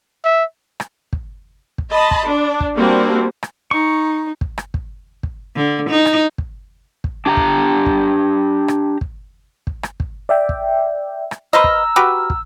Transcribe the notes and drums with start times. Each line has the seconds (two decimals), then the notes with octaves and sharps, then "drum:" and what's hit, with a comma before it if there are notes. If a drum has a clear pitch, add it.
0.24 E5
0.80 drum: rim click
1.13 drum: kick
1.78 drum: kick
1.91 D#5 A5 B5 C6
2.11 drum: kick
2.24 D4
2.60 drum: kick
2.77 G3 A#3 C4 D4 F#4
3.43 drum: rim click
3.71 D#4 C#6
4.41 drum: kick
4.58 drum: rim click
4.74 drum: kick
5.23 drum: kick
5.56 D3
5.90 D#4
6.05 drum: rim click
6.38 drum: kick
7.04 drum: kick
7.26 D4 G4 G#5 A#5
7.37 drum: kick
7.86 drum: kick
8.68 drum: rim click
9.01 drum: kick
9.67 drum: kick
9.83 drum: rim click
10.00 drum: kick
10.29 D5 E5 G5
10.49 drum: kick
11.31 drum: rim click
11.53 B4 C5 D#5 A#5 E6 F6
11.64 drum: kick
11.96 F#4 G4 B4
12.30 drum: kick